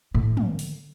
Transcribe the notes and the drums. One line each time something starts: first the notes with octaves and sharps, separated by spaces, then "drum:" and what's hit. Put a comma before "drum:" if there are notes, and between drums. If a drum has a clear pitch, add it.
A2
drum: tom
drum: open hi-hat